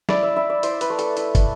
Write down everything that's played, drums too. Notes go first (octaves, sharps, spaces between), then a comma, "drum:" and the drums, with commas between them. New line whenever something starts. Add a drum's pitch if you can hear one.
E4 D5, drum: snare
E5
E4 E5
D5
E4 C5, drum: hi-hat
B4, drum: hi-hat
A3
A4, drum: hi-hat
E4, drum: hi-hat
drum: kick, hi-hat